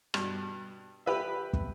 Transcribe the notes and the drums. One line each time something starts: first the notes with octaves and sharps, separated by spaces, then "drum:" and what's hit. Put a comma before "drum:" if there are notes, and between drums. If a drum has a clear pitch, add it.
G2 B2, drum: rim click
G4 B4 E5
drum: kick